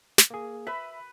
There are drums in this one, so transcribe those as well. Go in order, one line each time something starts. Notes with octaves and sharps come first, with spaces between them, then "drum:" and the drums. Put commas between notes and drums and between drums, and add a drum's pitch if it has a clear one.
drum: snare
A#3 G#4
B4 E5 B5